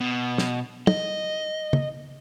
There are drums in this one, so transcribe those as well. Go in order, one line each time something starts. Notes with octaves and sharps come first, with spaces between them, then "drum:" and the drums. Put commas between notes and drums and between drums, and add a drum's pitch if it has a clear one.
B2
drum: snare
D#5, drum: tom
drum: tom